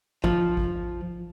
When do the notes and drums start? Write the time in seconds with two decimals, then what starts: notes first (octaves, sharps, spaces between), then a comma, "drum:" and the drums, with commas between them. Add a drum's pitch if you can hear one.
0.24 F3, drum: kick A1
0.57 drum: kick A1